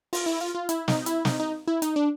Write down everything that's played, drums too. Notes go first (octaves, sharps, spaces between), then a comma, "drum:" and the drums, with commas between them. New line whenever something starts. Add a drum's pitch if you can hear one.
F4, drum: open hi-hat
E4
F4
F4
E4, drum: hi-hat
D#4, drum: snare
E4, drum: hi-hat
D#4, drum: snare
D#4
E4
D#4, drum: hi-hat
D4